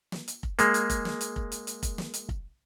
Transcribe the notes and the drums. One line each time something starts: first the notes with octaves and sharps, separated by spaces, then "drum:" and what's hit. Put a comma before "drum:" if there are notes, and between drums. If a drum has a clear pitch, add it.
drum: snare
drum: hi-hat
drum: kick F1
G#3 A#3, drum: hi-hat
drum: hi-hat
drum: kick F1, hi-hat
drum: snare
drum: hi-hat
drum: kick F1
drum: hi-hat
drum: hi-hat
drum: kick F1, hi-hat
drum: snare
drum: hi-hat
drum: kick F1